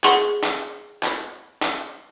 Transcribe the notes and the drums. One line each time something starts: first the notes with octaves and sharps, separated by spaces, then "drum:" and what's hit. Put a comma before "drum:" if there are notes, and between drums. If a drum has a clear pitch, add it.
G#4 F#5 C6 C#6, drum: clap
drum: clap
drum: clap
drum: clap